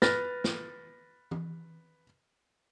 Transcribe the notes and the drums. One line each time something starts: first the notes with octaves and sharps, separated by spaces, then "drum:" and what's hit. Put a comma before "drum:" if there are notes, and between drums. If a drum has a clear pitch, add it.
B4 F6 A6 A#6, drum: snare
drum: snare
drum: tom E3